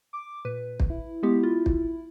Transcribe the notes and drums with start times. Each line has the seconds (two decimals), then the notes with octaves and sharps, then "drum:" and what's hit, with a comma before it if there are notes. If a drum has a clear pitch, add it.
0.13 D6
0.45 A#2 B4
0.80 drum: kick
0.90 E4
1.23 G#3 B3 G4
1.43 F4
1.66 drum: kick